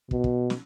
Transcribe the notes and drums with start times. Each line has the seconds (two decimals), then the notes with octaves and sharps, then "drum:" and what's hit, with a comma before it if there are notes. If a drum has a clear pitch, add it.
0.11 B2, drum: kick
0.24 drum: kick
0.50 drum: snare